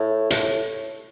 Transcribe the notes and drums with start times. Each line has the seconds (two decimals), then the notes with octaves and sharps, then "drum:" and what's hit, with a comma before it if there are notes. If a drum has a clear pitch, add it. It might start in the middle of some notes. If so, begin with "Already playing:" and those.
Already playing: A2
0.30 A2, drum: hi-hat